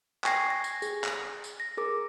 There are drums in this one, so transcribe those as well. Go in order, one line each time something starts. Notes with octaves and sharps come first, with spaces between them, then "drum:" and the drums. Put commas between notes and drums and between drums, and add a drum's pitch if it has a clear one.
G5 G#5 C#6 G#6 A#6 C7, drum: clap
A#6
drum: tambourine
G#4, drum: tambourine
drum: clap
drum: tambourine
A#6
G#4 A#4 D6